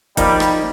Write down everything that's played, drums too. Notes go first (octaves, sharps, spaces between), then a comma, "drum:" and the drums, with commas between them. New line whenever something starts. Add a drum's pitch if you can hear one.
F3 G3 A#3 D#4, drum: kick, hi-hat
drum: rim click